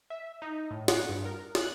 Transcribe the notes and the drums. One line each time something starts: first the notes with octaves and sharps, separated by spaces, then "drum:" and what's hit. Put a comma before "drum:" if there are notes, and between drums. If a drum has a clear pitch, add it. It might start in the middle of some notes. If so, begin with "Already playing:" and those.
E5
D#4
A2
F#5, drum: snare
G2
A#4
F#6, drum: snare